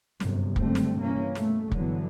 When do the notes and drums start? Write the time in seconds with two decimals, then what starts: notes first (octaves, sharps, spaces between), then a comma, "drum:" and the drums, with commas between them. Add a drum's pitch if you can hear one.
0.20 G1 F#2 C3, drum: snare
0.56 F#1 D3 G3 A3 C4, drum: kick
0.75 drum: snare
0.98 G2 C3 E3 A#3 C#4
1.35 B2 A3, drum: snare
1.72 G2 D3 E3 F#3 B3, drum: kick